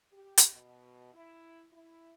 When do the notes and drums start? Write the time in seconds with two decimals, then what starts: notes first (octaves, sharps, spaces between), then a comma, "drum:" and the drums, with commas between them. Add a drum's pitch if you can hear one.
0.12 G4
0.38 drum: hi-hat
0.53 B2
1.13 E4
1.73 E4